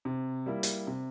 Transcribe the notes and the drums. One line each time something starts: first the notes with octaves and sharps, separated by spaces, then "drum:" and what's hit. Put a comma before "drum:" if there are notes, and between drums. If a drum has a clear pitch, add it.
C3
G3 A#3 E4
drum: hi-hat
C3